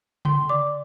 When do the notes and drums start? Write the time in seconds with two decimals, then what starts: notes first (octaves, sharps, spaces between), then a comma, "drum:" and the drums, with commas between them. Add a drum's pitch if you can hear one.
0.25 G5 C6, drum: tom C#3
0.49 D5 D6